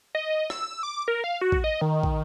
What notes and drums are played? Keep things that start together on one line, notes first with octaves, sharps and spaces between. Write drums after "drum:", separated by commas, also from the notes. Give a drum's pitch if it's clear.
D#5
E6, drum: rim click
D6
A#4
F5
F#4
drum: kick
D#5
D#3
drum: kick